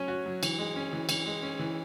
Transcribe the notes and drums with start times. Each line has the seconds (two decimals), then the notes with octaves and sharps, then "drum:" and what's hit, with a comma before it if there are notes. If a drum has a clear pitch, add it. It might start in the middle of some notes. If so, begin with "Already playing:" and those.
Already playing: F#3 C#4 C#5
0.08 F#4
0.26 F#3
0.43 E3, drum: cymbal
0.58 G#3
0.76 C#4
0.93 E3
1.09 E3, drum: cymbal
1.26 G#3
1.43 C#4
1.59 E3